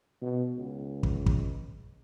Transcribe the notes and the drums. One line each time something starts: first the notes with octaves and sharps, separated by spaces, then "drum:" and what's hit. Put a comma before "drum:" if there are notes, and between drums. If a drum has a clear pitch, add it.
B2
C#2
drum: kick
drum: kick